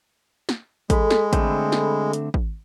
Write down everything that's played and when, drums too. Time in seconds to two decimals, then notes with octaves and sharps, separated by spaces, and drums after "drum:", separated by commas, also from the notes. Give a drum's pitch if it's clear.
0.49 drum: snare
0.90 G#3 A4 B5, drum: kick, hi-hat
1.10 drum: snare
1.33 D3 A3 C4, drum: kick, hi-hat
1.72 drum: snare
2.13 drum: hi-hat
2.34 drum: kick